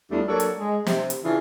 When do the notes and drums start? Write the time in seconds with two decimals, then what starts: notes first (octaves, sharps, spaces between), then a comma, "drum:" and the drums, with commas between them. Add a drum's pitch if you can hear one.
0.11 E2 G3 A3 D4 F4 A4
0.28 F#3 A#3 D4 A4 C#5 D5
0.40 drum: hi-hat
0.59 G#3
0.87 C3, drum: snare
1.10 drum: hi-hat
1.24 C#3 E3 D4 E4 F4 G#4